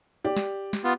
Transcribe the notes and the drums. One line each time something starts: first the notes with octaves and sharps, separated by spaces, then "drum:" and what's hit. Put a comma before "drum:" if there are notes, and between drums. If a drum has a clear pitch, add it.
G4 D5
drum: snare
drum: snare
B3 F4